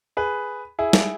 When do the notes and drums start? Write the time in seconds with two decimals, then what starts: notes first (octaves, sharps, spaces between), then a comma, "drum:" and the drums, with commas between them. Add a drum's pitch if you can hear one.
0.17 G#4 B4
0.79 E4 G#4
0.93 drum: snare